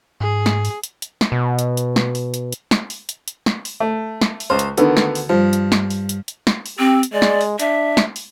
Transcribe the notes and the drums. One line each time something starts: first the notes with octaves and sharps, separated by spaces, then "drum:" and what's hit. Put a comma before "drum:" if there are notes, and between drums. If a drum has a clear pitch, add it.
G#2 G#4
drum: snare
drum: open hi-hat
drum: hi-hat
drum: hi-hat
drum: snare
B2
drum: hi-hat
drum: hi-hat
drum: snare
drum: open hi-hat
drum: hi-hat
drum: hi-hat
drum: snare
drum: open hi-hat
drum: hi-hat
drum: hi-hat
drum: snare
drum: open hi-hat
A3
drum: snare
drum: open hi-hat
C#2 C5 F5
drum: hi-hat
D2 D3 D#3 B3, drum: hi-hat
drum: snare
drum: open hi-hat
G2 F3
drum: hi-hat
drum: snare
drum: open hi-hat
drum: hi-hat
drum: hi-hat
drum: snare
drum: open hi-hat
C4 G4
drum: hi-hat
G#3 D5
drum: snare
drum: open hi-hat
D4 E5, drum: hi-hat
drum: snare
drum: open hi-hat